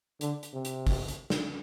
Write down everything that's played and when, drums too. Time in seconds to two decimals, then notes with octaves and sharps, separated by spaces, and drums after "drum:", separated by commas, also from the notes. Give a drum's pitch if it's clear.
0.21 D3, drum: hi-hat
0.43 drum: hi-hat
0.54 C3
0.65 drum: hi-hat
0.87 drum: kick, open hi-hat
1.08 drum: hi-hat
1.30 drum: snare